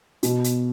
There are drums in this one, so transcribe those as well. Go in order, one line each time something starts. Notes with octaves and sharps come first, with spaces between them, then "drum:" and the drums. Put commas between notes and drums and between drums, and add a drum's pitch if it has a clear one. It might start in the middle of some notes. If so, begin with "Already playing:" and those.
B2, drum: hi-hat
drum: hi-hat